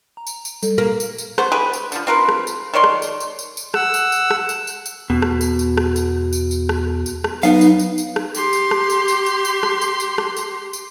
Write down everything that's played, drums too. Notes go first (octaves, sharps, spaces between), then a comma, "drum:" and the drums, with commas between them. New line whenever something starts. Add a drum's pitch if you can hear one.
A#5
drum: tambourine
drum: tambourine
G3 A4, drum: tambourine
A#3
drum: tambourine
drum: tambourine
B3 F#4 C5, drum: rim click
G4 G#4 B4
drum: tambourine
D3 F3, drum: tambourine
C4 F4 A#4 B4
drum: rim click
drum: tambourine
D#3 C#5 D5 C6
drum: rim click
drum: tambourine
drum: tambourine
drum: tambourine
drum: tambourine
F#5 E6, drum: rim click
drum: tambourine
drum: tambourine
drum: rim click
drum: tambourine
drum: tambourine
drum: tambourine
E2 B2
drum: rim click
drum: tambourine
drum: tambourine
drum: rim click
drum: tambourine
drum: tambourine
drum: tambourine
drum: rim click
drum: tambourine
drum: rim click
F#3 B3 D#4 F5, drum: tambourine
drum: tambourine
drum: tambourine
drum: tambourine
drum: rim click
G4 C6, drum: tambourine
drum: tambourine
drum: rim click
drum: tambourine
drum: tambourine
drum: tambourine
drum: tambourine
drum: rim click
drum: tambourine
drum: tambourine
drum: rim click
drum: tambourine
drum: tambourine